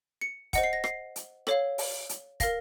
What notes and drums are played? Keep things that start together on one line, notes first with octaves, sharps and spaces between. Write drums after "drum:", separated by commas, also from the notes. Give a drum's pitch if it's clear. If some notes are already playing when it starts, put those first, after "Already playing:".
C#7
C5 D#5 F#5 C#7, drum: kick, hi-hat
C7
A#6
C7, drum: rim click
drum: hi-hat
A4 C#5 F5, drum: rim click
drum: open hi-hat
drum: hi-hat
A#4 F5 A#6, drum: kick, hi-hat